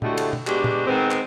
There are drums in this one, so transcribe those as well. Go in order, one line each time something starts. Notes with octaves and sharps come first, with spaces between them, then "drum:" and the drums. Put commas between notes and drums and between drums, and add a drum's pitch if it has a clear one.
A2 D3 G#3 A3 F#4 G4, drum: tom
drum: cymbal
drum: tom
B2 G#3 D4 F#4 G4, drum: clap
drum: tom
D#3 G#3 B3 C4
drum: clap